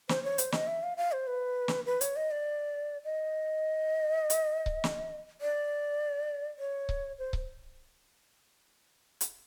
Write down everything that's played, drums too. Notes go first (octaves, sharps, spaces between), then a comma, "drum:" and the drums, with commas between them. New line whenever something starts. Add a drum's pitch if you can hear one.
C5, drum: snare
C#5
C5, drum: hi-hat
D#5, drum: snare
E5
F5
F5
C5
B4
drum: snare
B4
C#5, drum: hi-hat
D#5
D5
D#5
drum: hi-hat
drum: kick C#1
drum: snare
D5
C#5
drum: kick C#1
C5
drum: kick C#1
drum: hi-hat